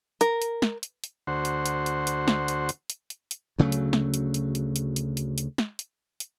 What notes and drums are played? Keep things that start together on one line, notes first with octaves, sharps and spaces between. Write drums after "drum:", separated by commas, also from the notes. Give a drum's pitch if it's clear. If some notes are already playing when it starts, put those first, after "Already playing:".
A#4, drum: hi-hat
drum: hi-hat
drum: snare
drum: hi-hat
drum: hi-hat
D2 F#4 C5
drum: hi-hat
drum: hi-hat
drum: hi-hat
drum: hi-hat
drum: snare
drum: hi-hat
drum: hi-hat
drum: hi-hat
drum: hi-hat
drum: hi-hat
D2 C#3 F#3 A3
drum: hi-hat
drum: snare
drum: hi-hat
drum: hi-hat
drum: hi-hat
drum: hi-hat
drum: hi-hat
drum: hi-hat
drum: hi-hat
drum: snare
drum: hi-hat
drum: hi-hat